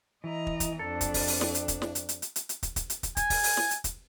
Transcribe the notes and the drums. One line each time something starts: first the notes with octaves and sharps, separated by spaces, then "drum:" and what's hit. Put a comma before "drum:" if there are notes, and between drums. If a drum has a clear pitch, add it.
E3 D#5 A#5
drum: kick
drum: kick, hi-hat
F2 D4 A4
drum: kick, hi-hat
drum: kick, open hi-hat
drum: open hi-hat
drum: snare
drum: hi-hat
drum: kick, hi-hat
drum: snare
drum: hi-hat
drum: hi-hat
drum: hi-hat
drum: hi-hat
drum: hi-hat
drum: kick, hi-hat
drum: kick, hi-hat
drum: hi-hat
drum: kick, hi-hat
G#5, drum: kick, hi-hat
drum: kick, open hi-hat
drum: open hi-hat
drum: snare
drum: hi-hat
drum: kick, hi-hat